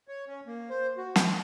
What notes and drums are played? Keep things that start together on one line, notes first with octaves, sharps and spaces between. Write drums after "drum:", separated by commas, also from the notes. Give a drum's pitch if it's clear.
C#5
C#4
A#3
C5
F#4
D#5, drum: snare